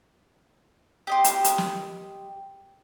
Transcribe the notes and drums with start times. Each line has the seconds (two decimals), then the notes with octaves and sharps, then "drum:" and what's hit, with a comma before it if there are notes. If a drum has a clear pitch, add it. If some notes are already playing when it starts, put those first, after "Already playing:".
1.07 G4 D#5 C6
1.24 drum: hi-hat
1.44 drum: hi-hat
1.58 drum: snare